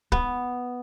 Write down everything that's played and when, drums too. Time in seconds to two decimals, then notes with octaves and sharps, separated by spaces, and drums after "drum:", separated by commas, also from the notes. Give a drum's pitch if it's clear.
0.12 B3, drum: kick